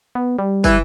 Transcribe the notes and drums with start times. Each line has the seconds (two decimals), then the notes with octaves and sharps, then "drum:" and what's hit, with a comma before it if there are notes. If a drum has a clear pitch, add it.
0.15 B3
0.39 G3
0.64 E3, drum: kick, tambourine